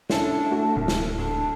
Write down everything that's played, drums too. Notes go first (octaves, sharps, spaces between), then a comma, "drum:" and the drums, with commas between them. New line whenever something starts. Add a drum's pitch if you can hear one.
C#4 D4 E4 A4, drum: snare
A3 F#4
D1 C2
drum: snare
D2 D4